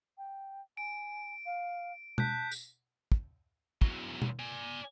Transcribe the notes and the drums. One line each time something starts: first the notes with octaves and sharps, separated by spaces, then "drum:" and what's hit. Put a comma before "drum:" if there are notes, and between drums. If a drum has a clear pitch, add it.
G5
G#5 D7
F5
A5 F#6 G6 B6, drum: tom B2
drum: tambourine
drum: kick
E2 F#3, drum: kick
drum: tom B2
D5 G#5